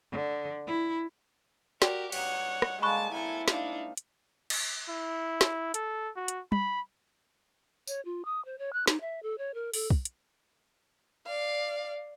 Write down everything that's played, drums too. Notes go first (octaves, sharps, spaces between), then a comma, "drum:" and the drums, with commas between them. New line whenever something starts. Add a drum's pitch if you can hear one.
D3
E4
F#4 G4 A#4 D5 G5, drum: snare
G2 D#4 C#5 F#5, drum: cymbal
drum: rim click
D3 F#3 G#3 A#3 A5 B5 C#6 F#6
C3 G#3 E4 A4 G#5
D4 D#4 F5, drum: snare
drum: hi-hat
drum: cymbal
E4
drum: snare
A4, drum: hi-hat
F#4
drum: hi-hat
B5, drum: tom
C#5, drum: tambourine
F4
D#6
C5
C#5
F#6
D#4, drum: snare
E5
A4
C#5
A#4
A4, drum: open hi-hat
drum: kick
drum: hi-hat
D5 F5